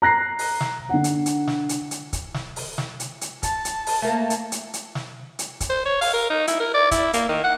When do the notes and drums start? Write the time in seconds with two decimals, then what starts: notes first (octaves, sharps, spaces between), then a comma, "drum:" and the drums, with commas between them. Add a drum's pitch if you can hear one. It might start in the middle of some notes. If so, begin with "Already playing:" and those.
0.02 A#5 F#6 A#6 C7
0.39 drum: open hi-hat
0.61 drum: snare
0.89 D3 F#5
1.04 drum: hi-hat
1.26 drum: hi-hat
1.47 drum: snare
1.69 drum: hi-hat
1.91 drum: hi-hat
2.13 drum: kick, hi-hat
2.34 drum: snare
2.56 drum: open hi-hat
2.78 drum: snare
3.00 drum: hi-hat
3.21 drum: hi-hat
3.43 A5, drum: kick, hi-hat
3.65 drum: hi-hat
3.87 drum: open hi-hat
4.02 A3 A#3
4.30 drum: hi-hat
4.52 drum: hi-hat
4.74 drum: hi-hat
4.95 drum: snare
5.39 drum: hi-hat
5.60 drum: kick, hi-hat
5.70 C5
5.85 C#5
6.01 F5, drum: open hi-hat
6.13 A#4
6.30 D#4
6.47 E4, drum: hi-hat
6.60 A#4
6.74 D5
6.91 E4, drum: kick, hi-hat
7.13 A#3, drum: hi-hat
7.29 D#3
7.44 F#5